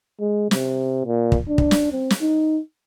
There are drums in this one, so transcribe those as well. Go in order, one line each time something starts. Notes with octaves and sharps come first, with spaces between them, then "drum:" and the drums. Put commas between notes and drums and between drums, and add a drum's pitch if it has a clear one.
G#3
C3, drum: snare
A#2
drum: kick
D4
drum: kick
drum: snare
C4
drum: snare
D#4